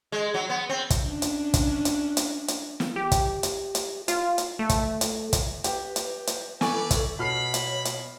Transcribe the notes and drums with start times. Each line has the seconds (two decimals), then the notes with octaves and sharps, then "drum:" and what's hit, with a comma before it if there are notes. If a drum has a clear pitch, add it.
0.12 G#3
0.34 F#3
0.50 B3
0.69 C4
0.90 drum: kick, hi-hat
1.04 C#4 D4
1.22 drum: hi-hat
1.54 drum: kick, hi-hat
1.85 drum: hi-hat
2.17 drum: hi-hat
2.48 drum: hi-hat
2.80 drum: snare
2.96 G4
3.11 drum: kick, hi-hat
3.43 drum: hi-hat
3.75 drum: hi-hat
4.08 F4, drum: hi-hat
4.38 drum: hi-hat
4.59 A3
4.69 drum: kick, hi-hat
5.01 drum: hi-hat
5.33 drum: kick, hi-hat
5.64 G4 B4, drum: hi-hat
5.96 drum: hi-hat
6.27 drum: hi-hat
6.61 G4 A4 B4 D5 G#5 C#6, drum: snare
6.91 drum: kick, hi-hat
7.19 B2 C#5 B5 F6 C7
7.54 drum: hi-hat
7.85 drum: hi-hat